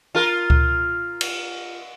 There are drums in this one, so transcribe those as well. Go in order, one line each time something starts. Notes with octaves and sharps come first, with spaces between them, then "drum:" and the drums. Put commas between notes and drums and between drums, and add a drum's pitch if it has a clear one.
F4 A#4
drum: kick C#2
drum: cymbal